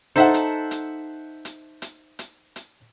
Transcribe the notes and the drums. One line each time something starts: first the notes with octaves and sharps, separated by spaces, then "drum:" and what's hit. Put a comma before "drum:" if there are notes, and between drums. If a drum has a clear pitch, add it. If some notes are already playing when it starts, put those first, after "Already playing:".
D#4 A4 C5 E5 F#5
drum: hi-hat
drum: hi-hat
drum: hi-hat
drum: hi-hat
drum: hi-hat
drum: hi-hat